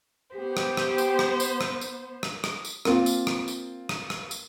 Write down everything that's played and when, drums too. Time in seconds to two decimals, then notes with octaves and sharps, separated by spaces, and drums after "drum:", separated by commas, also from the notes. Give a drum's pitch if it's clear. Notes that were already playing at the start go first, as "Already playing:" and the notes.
0.34 B3 G4 C5
0.57 drum: rim click
0.77 drum: rim click
0.98 drum: tambourine
1.19 drum: rim click
1.40 drum: tambourine
1.61 drum: rim click
1.81 drum: tambourine
2.23 drum: rim click
2.44 drum: rim click
2.65 drum: tambourine
2.85 A#3 C4 F4, drum: rim click
3.06 drum: tambourine
3.27 drum: rim click
3.48 drum: tambourine
3.89 drum: rim click
4.10 drum: rim click
4.31 drum: tambourine